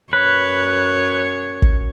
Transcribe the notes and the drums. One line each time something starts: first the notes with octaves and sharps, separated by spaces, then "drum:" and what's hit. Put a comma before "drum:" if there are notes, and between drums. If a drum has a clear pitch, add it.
F#2 B4 C#5
drum: kick